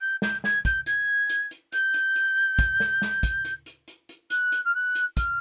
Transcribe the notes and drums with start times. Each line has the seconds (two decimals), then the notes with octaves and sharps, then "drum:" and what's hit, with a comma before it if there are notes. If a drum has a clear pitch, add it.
0.01 G6
0.22 G6, drum: snare
0.44 G#6, drum: snare
0.65 G6, drum: kick, hi-hat
0.86 G#6, drum: hi-hat
1.30 drum: hi-hat
1.51 drum: hi-hat
1.72 G6, drum: hi-hat
1.94 drum: hi-hat
2.16 drum: hi-hat
2.59 drum: kick, hi-hat
2.80 drum: snare
3.02 drum: snare
3.23 drum: kick, hi-hat
3.45 drum: hi-hat
3.66 drum: hi-hat
3.88 drum: hi-hat
4.09 drum: hi-hat
4.30 F#6, drum: hi-hat
4.52 drum: hi-hat
4.65 F6
4.74 F#6
4.95 drum: hi-hat
5.17 F6, drum: kick, hi-hat